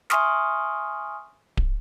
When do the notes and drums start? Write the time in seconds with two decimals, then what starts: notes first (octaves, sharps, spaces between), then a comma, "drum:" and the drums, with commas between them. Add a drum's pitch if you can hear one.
0.10 E5 G#5 C6 C#6 D#6 F6, drum: snare
1.57 drum: kick D1